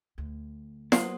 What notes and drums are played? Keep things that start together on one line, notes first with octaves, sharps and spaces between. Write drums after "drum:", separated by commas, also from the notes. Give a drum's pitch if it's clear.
D2
F#3 A#3 B3 C5 F#5 D#6 C7, drum: snare